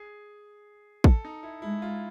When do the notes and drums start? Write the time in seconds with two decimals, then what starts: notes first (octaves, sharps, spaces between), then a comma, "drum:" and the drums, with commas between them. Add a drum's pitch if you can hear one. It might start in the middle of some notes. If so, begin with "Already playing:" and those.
Already playing: G#4
1.04 A4, drum: kick
1.25 D#4
1.43 E4
1.62 G#3 E4
1.82 F4